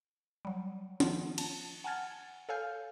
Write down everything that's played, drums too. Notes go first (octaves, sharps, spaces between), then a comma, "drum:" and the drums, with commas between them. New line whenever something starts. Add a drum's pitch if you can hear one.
F#3 G3
D#3 F3 B3 F4, drum: snare
A5, drum: cymbal
F#5 G#5 A5 F6 G#6 A6
A4 C#5 F5 G#5 F6 G6